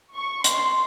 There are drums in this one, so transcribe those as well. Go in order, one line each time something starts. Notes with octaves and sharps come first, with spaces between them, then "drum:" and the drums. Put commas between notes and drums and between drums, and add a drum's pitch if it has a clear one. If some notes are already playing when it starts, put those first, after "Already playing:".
C#6
C6, drum: hi-hat